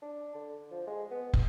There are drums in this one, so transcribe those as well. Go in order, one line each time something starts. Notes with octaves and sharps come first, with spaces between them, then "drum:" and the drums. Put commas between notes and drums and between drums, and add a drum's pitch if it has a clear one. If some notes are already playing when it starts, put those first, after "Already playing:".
D4
D3
F3
G#3
B3
drum: kick